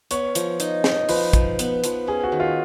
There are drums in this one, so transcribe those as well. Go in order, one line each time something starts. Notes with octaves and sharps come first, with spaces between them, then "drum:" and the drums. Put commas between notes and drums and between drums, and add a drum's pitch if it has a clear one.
B3 C#5, drum: hi-hat
F3, drum: hi-hat
D#4, drum: hi-hat
D#4, drum: snare
F3 B4, drum: open hi-hat
F3, drum: kick, hi-hat
B3, drum: hi-hat
F3, drum: hi-hat
C#4 G#4
F#4
D#3
F4